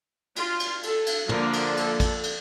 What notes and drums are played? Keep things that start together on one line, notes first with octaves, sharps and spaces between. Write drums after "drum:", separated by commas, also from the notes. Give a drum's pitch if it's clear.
F4, drum: cymbal
drum: cymbal
A4, drum: cymbal
drum: cymbal
D3 F3 A#3 D4 A#4, drum: tom
drum: cymbal
A4, drum: cymbal
drum: kick, cymbal
drum: cymbal